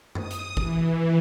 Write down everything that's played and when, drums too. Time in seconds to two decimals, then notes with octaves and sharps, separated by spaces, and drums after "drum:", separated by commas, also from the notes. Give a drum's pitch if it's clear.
0.15 D#6, drum: tom F#2
0.31 drum: hi-hat
0.57 E3, drum: kick F#1